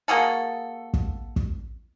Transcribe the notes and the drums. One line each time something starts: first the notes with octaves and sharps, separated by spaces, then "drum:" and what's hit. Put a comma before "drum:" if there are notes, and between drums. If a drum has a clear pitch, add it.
A#3 F#4 G#4 A4
drum: kick
drum: kick